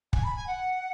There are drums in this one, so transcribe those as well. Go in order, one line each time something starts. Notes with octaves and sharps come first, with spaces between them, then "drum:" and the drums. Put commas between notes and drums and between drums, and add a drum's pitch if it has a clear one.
G#5, drum: kick
B5
G#5
F#5